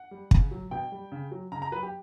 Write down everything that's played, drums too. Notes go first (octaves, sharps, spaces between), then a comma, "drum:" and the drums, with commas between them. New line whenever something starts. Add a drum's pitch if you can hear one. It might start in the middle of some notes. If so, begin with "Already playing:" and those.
Already playing: F#5
G3
C#3, drum: kick
F#3
B2 G5
G3
C#3
F#3
C#3 A#5
A#5
F#3 B4
G4